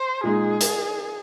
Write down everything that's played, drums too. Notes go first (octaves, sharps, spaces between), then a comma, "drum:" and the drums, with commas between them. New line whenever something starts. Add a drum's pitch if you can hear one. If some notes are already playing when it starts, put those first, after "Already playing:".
Already playing: C5
A#2 G#3 D#4 G#4
drum: hi-hat